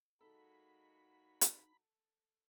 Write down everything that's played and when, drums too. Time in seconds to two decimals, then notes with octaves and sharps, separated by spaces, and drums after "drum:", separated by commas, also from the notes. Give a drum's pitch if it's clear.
0.21 A#2 G#3 D#4 F#4 A4 B5
1.41 drum: hi-hat